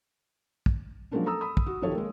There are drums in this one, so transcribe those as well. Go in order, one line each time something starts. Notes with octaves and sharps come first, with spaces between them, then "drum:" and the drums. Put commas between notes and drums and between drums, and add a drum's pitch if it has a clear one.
drum: kick
F3 F#3 G#3 A#3 C#4 D4
A4 A#5 D#6 E6
B5 D#6
drum: kick
F#4
G1 D#3 F3 G3 A4 C#5
G#3 A#3